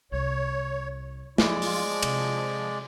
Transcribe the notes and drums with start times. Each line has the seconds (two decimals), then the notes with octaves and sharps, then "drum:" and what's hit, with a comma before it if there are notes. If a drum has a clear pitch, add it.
0.12 C2 C#5
1.38 F#2 F3 G#3 E4 D5, drum: snare
1.62 F4, drum: open hi-hat
1.85 F3
2.03 C3, drum: cymbal